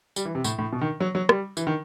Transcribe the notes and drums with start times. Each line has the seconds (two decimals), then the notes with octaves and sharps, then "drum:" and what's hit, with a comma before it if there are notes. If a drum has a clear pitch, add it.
0.16 G3, drum: tambourine
0.25 E3
0.35 C3
0.44 A2, drum: tambourine
0.58 A2
0.73 B2
0.81 D#3
1.00 F#3
1.15 F#3
1.29 G3, drum: rim click
1.57 E3, drum: tambourine
1.67 D#3